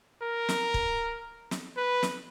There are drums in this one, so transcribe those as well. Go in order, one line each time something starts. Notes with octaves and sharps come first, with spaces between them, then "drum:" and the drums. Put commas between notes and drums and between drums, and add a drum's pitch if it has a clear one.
A#4
drum: snare
drum: kick
drum: snare
B4
drum: snare